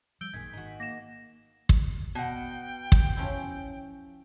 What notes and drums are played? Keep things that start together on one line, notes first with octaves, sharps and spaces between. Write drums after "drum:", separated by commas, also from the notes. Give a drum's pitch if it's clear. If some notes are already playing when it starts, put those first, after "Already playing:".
F3 G3 E6 G6 D7 G7
A1 F#2 A#2 D#3 G#3 G#6 B6
G#1 D#3 D#4 F#4
A#3 A#6 E7
drum: kick
B2 F#5 G5
drum: kick
F3 C#4 E4